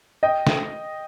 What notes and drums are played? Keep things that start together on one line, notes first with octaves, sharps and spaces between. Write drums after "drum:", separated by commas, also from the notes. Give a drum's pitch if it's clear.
D#5 G5
drum: snare